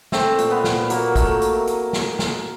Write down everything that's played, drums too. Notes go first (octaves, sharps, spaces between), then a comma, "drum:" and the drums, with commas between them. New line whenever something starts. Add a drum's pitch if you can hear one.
A3 C4, drum: snare
A#2, drum: hi-hat
B3
A#2, drum: snare
F#3 A#3, drum: hi-hat
A3, drum: kick, hi-hat
drum: hi-hat
drum: hi-hat
drum: snare
drum: snare